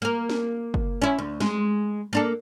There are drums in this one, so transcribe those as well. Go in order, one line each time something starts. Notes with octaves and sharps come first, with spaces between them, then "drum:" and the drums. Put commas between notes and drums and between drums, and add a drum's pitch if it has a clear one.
A#3 A#4
drum: snare
drum: kick
C#4 E4
D2
G#3, drum: snare
A#3 D4 A4